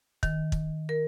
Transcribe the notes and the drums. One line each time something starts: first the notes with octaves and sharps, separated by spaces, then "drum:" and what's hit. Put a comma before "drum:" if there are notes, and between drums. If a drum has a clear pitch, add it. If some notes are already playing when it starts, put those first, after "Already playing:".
D#3, drum: kick
drum: kick
A#4